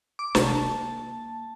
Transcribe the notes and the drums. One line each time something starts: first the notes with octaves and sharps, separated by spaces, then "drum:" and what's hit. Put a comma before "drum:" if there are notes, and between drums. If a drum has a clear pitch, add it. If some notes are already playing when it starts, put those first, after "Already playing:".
D6
C3 C4 A5, drum: snare
A#3 E4